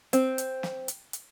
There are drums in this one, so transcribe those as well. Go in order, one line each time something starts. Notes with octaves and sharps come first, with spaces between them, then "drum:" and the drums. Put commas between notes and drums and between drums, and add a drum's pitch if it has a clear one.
C4, drum: hi-hat
drum: hi-hat
drum: snare
drum: hi-hat
drum: hi-hat